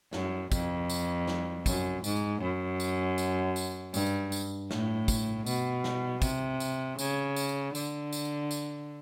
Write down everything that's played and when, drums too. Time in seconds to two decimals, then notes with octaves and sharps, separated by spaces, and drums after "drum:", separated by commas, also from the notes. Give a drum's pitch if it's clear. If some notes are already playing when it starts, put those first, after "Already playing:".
0.13 F#2, drum: snare
0.52 F2, drum: kick, tambourine
0.90 drum: tambourine
1.28 drum: snare
1.66 F#2, drum: kick, tambourine
2.04 G#2, drum: tambourine
2.42 F#2
2.80 drum: tambourine
3.18 drum: tambourine
3.56 drum: tambourine
3.94 G2, drum: tambourine
4.32 drum: tambourine
4.71 A2, drum: snare
5.08 drum: kick, tambourine
5.46 B2, drum: tambourine
5.84 drum: snare
6.22 C3, drum: kick, tambourine
6.60 drum: tambourine
6.98 C#3, drum: tambourine
7.36 drum: tambourine
7.75 D3, drum: tambourine
8.13 drum: tambourine
8.51 drum: tambourine